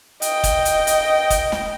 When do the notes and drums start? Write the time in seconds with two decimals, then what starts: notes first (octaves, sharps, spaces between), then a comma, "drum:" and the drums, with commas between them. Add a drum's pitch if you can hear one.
0.22 D#5 G5, drum: hi-hat
0.44 drum: kick, hi-hat
0.65 drum: hi-hat
0.87 drum: hi-hat
1.30 drum: kick, hi-hat
1.52 drum: snare